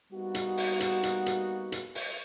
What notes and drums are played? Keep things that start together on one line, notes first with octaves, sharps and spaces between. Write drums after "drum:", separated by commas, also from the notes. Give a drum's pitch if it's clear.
G3 A#3 B3 D#4 F#4
drum: hi-hat
drum: open hi-hat
drum: hi-hat
drum: hi-hat
drum: hi-hat
drum: hi-hat
drum: open hi-hat